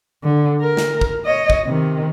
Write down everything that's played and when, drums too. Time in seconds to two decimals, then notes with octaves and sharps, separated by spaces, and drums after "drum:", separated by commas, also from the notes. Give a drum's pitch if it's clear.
0.23 D3
0.61 A#4
0.77 drum: snare
1.01 drum: kick
1.26 C#5 D#5
1.50 drum: kick
1.66 C3 D#3